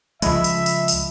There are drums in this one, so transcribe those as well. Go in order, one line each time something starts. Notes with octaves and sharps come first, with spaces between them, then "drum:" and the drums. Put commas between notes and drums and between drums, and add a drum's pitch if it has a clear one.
C#2 F3 G#3 D#5 E5 B5, drum: tambourine
drum: tambourine
drum: tambourine
drum: tambourine